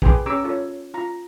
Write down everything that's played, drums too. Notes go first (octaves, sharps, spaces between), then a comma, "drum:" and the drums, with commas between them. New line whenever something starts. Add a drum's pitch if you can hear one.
G#4 B4 G5 G#5 C6 D6, drum: kick
C#4 G4 A#5 C#6 D6 E6
F4 A4 C#5
F4 A#5